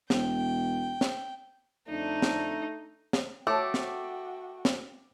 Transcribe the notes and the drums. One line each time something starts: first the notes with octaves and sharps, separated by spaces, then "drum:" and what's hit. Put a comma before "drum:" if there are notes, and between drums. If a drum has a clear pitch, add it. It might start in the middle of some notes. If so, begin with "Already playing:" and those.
E1 G5, drum: snare
drum: snare
F2 D3 A3 D4 D#4
drum: snare
drum: snare
A3 F#4 A4 C#5 G5 A5 D6
drum: snare
drum: snare